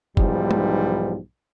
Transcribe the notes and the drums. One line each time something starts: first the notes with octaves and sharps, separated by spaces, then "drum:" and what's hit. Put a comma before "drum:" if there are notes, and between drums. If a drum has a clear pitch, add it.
B1 G#2 E3 F3 G3, drum: kick F#1
drum: tom G#3